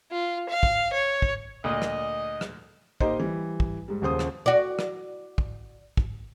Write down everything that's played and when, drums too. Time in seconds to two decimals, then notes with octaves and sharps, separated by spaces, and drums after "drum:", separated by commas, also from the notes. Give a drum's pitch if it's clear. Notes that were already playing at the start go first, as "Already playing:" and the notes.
0.11 F4
0.49 F5
0.63 drum: kick
0.93 C#5
1.22 drum: kick
1.64 D2 A#2 D#5
1.82 drum: rim click
2.41 drum: rim click
3.00 A#3 D#4 G4 C5 D#5, drum: kick
3.19 E3 G3
3.60 drum: kick
3.88 G#2 G3
4.02 D#1 D#2 C#3 C5 D#6
4.19 drum: rim click
4.46 F#4 D5
4.79 drum: rim click
5.38 drum: kick
5.97 drum: kick